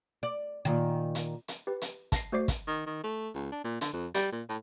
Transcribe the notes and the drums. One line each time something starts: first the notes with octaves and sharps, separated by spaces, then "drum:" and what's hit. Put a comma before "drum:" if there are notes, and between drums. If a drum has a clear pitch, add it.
D5
A#2 D#3
drum: hi-hat
drum: hi-hat
G4 B4
drum: hi-hat
A5 A#6 C7, drum: kick, hi-hat
A3 F#4 C5 D5 D6 C7
drum: kick, hi-hat
D#3
D#3
A3
C#2
D4
A#2
D3, drum: hi-hat
F2
G3, drum: hi-hat
A#2
A2